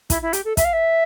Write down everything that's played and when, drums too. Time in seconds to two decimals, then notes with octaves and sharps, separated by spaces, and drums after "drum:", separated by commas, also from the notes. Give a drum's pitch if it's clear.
0.10 E4, drum: kick, hi-hat
0.22 E4
0.33 G4, drum: hi-hat
0.45 A4
0.57 E5, drum: kick, hi-hat
0.65 F5
0.73 E5